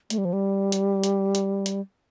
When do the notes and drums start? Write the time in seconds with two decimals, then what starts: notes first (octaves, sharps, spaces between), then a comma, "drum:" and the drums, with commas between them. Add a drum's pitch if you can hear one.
0.10 A3, drum: hi-hat
0.18 G3
0.25 F3
0.33 G3
0.72 drum: hi-hat
1.04 drum: hi-hat
1.35 drum: hi-hat
1.66 drum: hi-hat